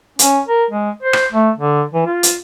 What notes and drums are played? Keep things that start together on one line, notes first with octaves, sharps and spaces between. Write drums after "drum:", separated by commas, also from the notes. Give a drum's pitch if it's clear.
C#4, drum: hi-hat
A#4
G#3
C5
drum: rim click
A3
D3
E3
F4
drum: hi-hat